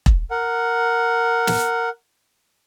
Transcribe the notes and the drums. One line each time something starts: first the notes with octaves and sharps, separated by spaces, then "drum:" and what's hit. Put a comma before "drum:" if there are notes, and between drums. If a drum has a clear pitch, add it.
drum: kick E1
A#4 F#5
drum: snare